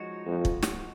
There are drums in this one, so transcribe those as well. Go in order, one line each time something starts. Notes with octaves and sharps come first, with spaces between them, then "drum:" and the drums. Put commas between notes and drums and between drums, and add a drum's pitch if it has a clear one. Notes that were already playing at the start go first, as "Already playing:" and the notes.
Already playing: F3 G#3 D#4 F#4 C#5
F2
drum: kick
drum: snare